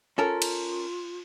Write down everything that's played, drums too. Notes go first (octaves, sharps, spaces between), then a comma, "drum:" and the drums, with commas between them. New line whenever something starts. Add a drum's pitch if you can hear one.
C#4 F4 A4 A#4
drum: cymbal